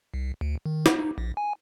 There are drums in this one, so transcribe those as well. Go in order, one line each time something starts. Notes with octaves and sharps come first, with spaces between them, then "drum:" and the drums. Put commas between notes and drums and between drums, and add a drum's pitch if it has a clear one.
C2
D2
D#3
drum: snare
D#4
A#1
G#5